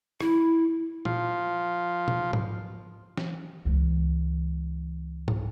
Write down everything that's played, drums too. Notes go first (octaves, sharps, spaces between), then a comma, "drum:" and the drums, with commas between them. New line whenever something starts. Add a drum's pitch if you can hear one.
E4, drum: rim click
F3, drum: tom A#2
drum: tom B2
drum: tom G#2
drum: snare E3
C#2 E3
drum: tom G#2